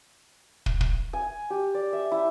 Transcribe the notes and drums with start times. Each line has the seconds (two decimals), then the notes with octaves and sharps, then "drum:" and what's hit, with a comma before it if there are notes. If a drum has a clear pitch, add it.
0.66 drum: kick
0.81 drum: kick
1.13 G#5
1.50 G4
1.74 D5
1.93 E5
2.11 E4